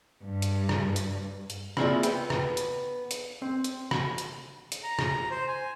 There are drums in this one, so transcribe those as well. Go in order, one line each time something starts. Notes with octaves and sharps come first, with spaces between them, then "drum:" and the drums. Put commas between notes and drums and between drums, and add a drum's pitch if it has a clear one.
G2
drum: hi-hat
drum: rim click
drum: hi-hat
drum: hi-hat
A#3 C4 E4 F4 G#4 D5, drum: rim click
B3 G5, drum: hi-hat
drum: rim click
drum: hi-hat
drum: hi-hat
C4
drum: hi-hat
drum: rim click
drum: hi-hat
drum: hi-hat
A#5
drum: rim click
C5
G#5